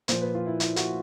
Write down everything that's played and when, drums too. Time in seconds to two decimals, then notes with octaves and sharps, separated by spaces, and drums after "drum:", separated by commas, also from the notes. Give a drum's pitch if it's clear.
0.08 A#2 F3 C5, drum: hi-hat
0.21 B4
0.35 F4
0.46 E4
0.60 E4, drum: hi-hat
0.76 F#4, drum: hi-hat